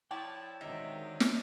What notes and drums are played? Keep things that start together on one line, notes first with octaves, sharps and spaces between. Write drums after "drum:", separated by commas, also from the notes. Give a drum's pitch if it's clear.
F3 E4 C#5 D5 G5 A5
C3 D#3 F#3 G#3 D4 D#4 E5
drum: snare